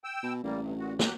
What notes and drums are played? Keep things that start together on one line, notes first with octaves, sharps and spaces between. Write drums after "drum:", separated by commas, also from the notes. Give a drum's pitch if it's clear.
G5 E6
B2
A1 G3 A#3
G2 C3
A#2 F#4
F#3 G4 F#6, drum: snare